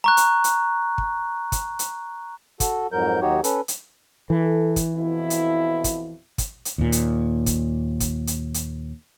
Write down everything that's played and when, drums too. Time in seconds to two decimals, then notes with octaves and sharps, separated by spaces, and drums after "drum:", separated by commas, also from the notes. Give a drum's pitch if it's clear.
0.04 A#5 C#6 F#6
0.17 drum: hi-hat
0.44 drum: hi-hat
0.98 drum: kick
1.52 drum: kick, hi-hat
1.79 drum: hi-hat
2.60 F#4 A4, drum: kick, hi-hat
2.92 F2 G#2 F#3 A#4 G6
3.21 D#2 F#3 D#4 F#4 G4 C#5
3.44 C#4 A4 B4, drum: hi-hat
3.68 drum: hi-hat
4.30 E3 A4
4.76 drum: kick, hi-hat
4.95 F2 B2 E4
5.30 drum: hi-hat
5.84 drum: kick, hi-hat
6.38 drum: kick, hi-hat
6.65 drum: hi-hat
6.78 D#2 A#2
6.92 drum: hi-hat
7.46 drum: kick, hi-hat
8.00 drum: kick, hi-hat
8.27 drum: hi-hat
8.54 drum: hi-hat